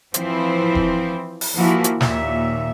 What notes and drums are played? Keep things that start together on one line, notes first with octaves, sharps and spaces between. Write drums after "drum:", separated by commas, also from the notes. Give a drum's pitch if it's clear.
E3 F3 C4 E4 C5, drum: hi-hat
drum: kick E1
drum: open hi-hat
E3 F3 A#3 E4 F#4
drum: hi-hat
D#2 A#2 E5, drum: snare